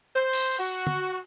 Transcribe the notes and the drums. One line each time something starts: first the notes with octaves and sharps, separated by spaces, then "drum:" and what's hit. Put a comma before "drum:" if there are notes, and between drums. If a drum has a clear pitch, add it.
C5
drum: cymbal
F#4
drum: tom